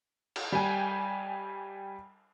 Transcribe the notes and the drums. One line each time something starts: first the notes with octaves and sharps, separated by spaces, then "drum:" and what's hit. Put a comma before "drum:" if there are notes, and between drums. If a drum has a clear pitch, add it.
drum: cymbal
G3 G5 G#5